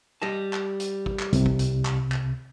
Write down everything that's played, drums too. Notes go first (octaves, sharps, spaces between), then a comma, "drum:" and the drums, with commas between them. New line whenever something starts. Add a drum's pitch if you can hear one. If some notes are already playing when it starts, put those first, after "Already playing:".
G3 D#5 A5
drum: clap
drum: hi-hat
drum: kick
drum: clap
C2 C3, drum: hi-hat
drum: kick
drum: hi-hat
drum: clap
drum: clap